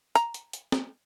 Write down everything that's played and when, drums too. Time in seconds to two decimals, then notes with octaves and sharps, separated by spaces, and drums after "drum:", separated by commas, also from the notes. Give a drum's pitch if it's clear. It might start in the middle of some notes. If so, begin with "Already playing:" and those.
0.15 A#5, drum: hi-hat
0.34 drum: hi-hat
0.53 drum: hi-hat
0.72 drum: snare